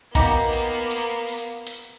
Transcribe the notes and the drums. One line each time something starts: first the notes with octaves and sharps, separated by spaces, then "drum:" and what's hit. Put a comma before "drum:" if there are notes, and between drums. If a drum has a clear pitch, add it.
A#3 B3 D#4 F#4 G4, drum: kick A#1, hi-hat
drum: hi-hat
drum: hi-hat
drum: open hi-hat
drum: hi-hat